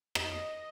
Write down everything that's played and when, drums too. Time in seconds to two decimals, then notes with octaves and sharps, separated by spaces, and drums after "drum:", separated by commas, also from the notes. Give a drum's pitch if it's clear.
0.15 D#5, drum: rim click